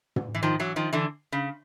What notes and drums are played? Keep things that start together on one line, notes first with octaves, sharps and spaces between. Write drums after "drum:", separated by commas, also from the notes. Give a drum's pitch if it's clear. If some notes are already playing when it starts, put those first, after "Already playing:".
drum: tom
E3
D#3 F3
E3 F#3
D#3 F3
D3 E3
C#3